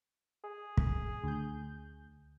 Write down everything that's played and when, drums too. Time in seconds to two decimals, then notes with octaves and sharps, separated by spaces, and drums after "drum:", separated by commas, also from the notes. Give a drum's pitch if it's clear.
0.44 G#4
0.77 drum: kick
1.24 D2 G6